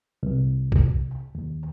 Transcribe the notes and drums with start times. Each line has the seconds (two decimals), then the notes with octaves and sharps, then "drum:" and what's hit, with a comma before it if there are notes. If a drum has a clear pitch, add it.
0.23 C2
0.72 drum: kick B1
1.35 D#2